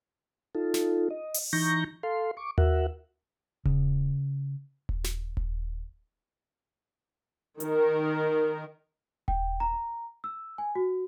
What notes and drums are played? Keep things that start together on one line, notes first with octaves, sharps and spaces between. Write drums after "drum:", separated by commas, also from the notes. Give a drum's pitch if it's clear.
D#4 F4 A4
drum: snare
D#5
drum: open hi-hat
E3 D#4 A#5 C#6 G6 A#6
A4 F5 C6
C#6 D6
F#4 A#4 E5 F#5, drum: tom D#2
C#3, drum: kick D#1
drum: kick D#1
drum: snare
drum: kick D#1
D#3 A#4, drum: hi-hat
G5, drum: kick D#1
A#5
E6
G#5
F#4